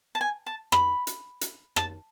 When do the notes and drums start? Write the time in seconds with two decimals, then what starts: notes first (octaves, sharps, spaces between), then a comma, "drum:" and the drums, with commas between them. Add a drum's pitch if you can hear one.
0.15 A5
0.21 G#5
0.46 A5
0.72 B5, drum: rim click
1.07 drum: hi-hat
1.41 drum: hi-hat
1.76 A5, drum: rim click